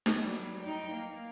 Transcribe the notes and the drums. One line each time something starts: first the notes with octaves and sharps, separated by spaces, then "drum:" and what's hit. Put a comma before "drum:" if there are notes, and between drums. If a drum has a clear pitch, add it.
drum: snare D#4
F#3 G3
D#4 G5
A#3